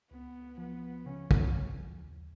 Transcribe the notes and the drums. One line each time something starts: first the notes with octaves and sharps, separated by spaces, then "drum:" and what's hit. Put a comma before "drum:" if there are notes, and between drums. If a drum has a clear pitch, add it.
C#2 B3
F3 B3
C#3 C#4
drum: kick
C#2
D#2